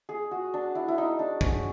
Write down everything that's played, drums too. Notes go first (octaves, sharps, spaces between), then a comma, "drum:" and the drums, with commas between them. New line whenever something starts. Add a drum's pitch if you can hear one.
G#4
F#4
D4
E4
E4
D#4
D4
C#4, drum: kick